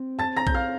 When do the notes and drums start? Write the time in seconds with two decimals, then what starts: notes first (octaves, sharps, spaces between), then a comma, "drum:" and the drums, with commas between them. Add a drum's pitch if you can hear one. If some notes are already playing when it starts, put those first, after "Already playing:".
Already playing: C4
0.19 A5 A6
0.37 A#5 A#6
0.47 G6, drum: kick A#1
0.54 F5 F6